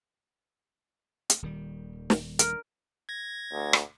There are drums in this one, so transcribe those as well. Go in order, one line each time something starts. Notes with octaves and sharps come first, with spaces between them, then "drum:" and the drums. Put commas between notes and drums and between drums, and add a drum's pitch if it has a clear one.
drum: hi-hat
D#1 D#3 G3
drum: snare
A#4, drum: hi-hat
G#6 A#6
D2
drum: rim click